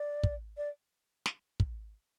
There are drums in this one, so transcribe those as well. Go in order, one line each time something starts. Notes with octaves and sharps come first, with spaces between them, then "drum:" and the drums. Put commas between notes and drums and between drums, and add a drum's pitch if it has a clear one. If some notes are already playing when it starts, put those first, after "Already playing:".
Already playing: D5
drum: kick
D5
drum: snare
drum: kick